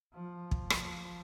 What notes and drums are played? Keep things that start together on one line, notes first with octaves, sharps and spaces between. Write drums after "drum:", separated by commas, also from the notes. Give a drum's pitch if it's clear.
F3
drum: kick
drum: rim click